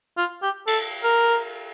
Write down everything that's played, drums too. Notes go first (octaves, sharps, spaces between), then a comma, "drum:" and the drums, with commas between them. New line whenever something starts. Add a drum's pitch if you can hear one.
F4
G4
A4, drum: cymbal
A#4